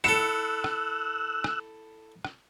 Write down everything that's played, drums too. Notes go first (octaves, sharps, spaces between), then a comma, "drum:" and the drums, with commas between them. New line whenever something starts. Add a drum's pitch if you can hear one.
E4 A4 E6 F#6 C#7 E7
drum: rim click
drum: rim click
drum: rim click